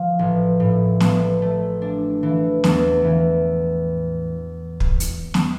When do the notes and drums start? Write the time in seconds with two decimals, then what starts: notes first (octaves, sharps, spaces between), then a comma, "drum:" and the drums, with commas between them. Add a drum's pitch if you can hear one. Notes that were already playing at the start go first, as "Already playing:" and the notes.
Already playing: F3
0.19 A1
0.60 A2
1.00 A1, drum: snare
1.42 A3
1.82 D4
2.23 E3
2.64 E2, drum: snare
3.04 E3
4.80 drum: kick
5.00 drum: hi-hat
5.34 drum: snare